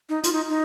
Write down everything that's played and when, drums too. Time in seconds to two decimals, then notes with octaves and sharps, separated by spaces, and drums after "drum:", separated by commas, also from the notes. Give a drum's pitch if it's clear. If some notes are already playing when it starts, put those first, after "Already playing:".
0.09 D#4
0.24 F4, drum: hi-hat
0.33 D#4
0.50 D#4